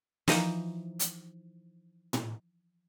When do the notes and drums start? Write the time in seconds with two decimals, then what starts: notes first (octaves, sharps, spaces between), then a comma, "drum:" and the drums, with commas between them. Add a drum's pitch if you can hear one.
0.28 E3 F3 D#4 C5 D#5 A#5, drum: snare
0.99 drum: hi-hat
2.13 drum: tom A2